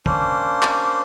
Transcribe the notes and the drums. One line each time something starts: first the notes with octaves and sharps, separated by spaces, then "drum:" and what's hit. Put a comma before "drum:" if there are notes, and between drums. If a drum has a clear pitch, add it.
A#3 C#4 D4 C5, drum: kick
drum: clap